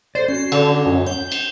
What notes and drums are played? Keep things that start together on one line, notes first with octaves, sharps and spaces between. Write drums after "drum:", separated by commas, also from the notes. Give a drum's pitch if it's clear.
A4 C5 D5
C#4 F#4 C7
D3, drum: cymbal
F#2
G6
drum: cymbal